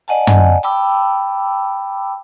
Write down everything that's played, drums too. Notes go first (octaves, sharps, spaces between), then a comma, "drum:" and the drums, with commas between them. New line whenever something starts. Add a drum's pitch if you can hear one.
D5 D#5 F#5 G#5 A5
drum: tom
G5 A5 B5 D6 E6